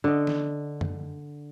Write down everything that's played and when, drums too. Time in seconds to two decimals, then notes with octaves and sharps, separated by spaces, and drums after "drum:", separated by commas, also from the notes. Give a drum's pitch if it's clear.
0.04 D3 D#5
0.27 drum: snare
0.81 drum: tom